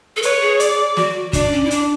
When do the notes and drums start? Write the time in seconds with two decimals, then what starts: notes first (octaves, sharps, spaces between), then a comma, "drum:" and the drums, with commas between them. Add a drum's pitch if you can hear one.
0.16 A4
0.22 B4 C#5, drum: hi-hat
0.41 G#4
0.60 D5, drum: hi-hat
0.97 F#4, drum: snare
1.33 D4 D5, drum: kick, hi-hat
1.52 C#4
1.65 E4
1.71 D4, drum: hi-hat